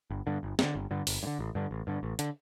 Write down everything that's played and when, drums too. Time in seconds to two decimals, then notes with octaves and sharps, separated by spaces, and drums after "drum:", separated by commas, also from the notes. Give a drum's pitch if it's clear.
0.10 G1
0.27 G2 D3
0.43 G1
0.59 G2, drum: snare
0.63 D3
0.75 G1
0.91 G2 D3
1.07 G1, drum: open hi-hat
1.23 G2
1.27 D3
1.39 A1
1.55 G2 D3
1.71 A1
1.87 G2 D3
2.03 A1
2.19 D3, drum: hi-hat